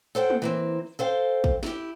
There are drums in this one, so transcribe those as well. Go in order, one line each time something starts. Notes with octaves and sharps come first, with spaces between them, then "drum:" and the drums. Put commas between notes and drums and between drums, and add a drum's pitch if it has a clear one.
A4 C5 F#5 G5
drum: tom
E3 A#3 C4
A4 C5 F5 G5
drum: kick
E4 G4, drum: snare